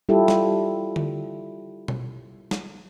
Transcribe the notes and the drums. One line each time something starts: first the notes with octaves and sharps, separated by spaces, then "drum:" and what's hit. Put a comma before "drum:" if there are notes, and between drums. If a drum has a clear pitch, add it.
G3 E4 F4 G4 A4
drum: snare
drum: tom D3
drum: tom B2
drum: snare